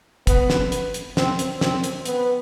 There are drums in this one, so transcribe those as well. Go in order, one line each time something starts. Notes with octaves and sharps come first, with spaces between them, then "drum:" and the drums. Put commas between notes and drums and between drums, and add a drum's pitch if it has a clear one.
B3, drum: kick, hi-hat
drum: snare
drum: hi-hat
drum: hi-hat
C4, drum: snare
drum: hi-hat
C4, drum: snare
drum: hi-hat
B3, drum: hi-hat